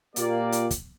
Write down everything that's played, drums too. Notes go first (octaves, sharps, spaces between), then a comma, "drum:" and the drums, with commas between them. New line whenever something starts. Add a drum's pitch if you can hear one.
A#2 A#3 G4 D5, drum: hi-hat
drum: hi-hat
drum: kick, hi-hat